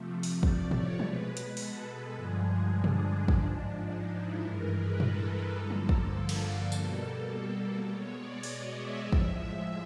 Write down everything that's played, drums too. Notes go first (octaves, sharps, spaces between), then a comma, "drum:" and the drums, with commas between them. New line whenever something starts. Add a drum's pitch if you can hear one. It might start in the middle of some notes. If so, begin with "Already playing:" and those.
Already playing: C3 F3 A3
drum: open hi-hat
D5, drum: kick
C#5, drum: tom
B2 G#3 B4, drum: tom F3
drum: hi-hat
A4, drum: open hi-hat
G2 D3 F3 G#3 G#4
D4
drum: tom
G#2 F3 G#3, drum: kick
D#4
E4
G2 E3 G#3 A#4
B4
A4, drum: tom
G2 D3 F3 A#3 A4
drum: tom F3
drum: kick
A4
drum: cymbal
B2 G3 A#3, drum: tambourine
B2 G#3 C#5
D5
D#5, drum: open hi-hat
E5
A2 F3 G#3
drum: kick